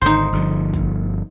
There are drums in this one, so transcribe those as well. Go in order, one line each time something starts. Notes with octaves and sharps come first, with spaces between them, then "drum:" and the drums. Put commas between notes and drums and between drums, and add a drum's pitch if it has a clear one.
G#1 D3 D#4 C5
G1 D3 F3
drum: kick